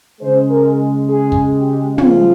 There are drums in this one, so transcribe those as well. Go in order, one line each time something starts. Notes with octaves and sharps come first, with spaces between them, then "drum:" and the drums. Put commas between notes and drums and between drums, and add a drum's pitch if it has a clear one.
C#3 G#3 C5
A#4
G#4
drum: kick
G4
C#3 F3 G#3 F4, drum: tom